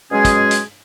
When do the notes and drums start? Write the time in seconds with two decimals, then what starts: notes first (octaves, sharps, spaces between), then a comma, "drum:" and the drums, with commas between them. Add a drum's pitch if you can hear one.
0.12 B2 F#3 G#3 C#4 G#4
0.25 drum: kick, hi-hat
0.51 drum: hi-hat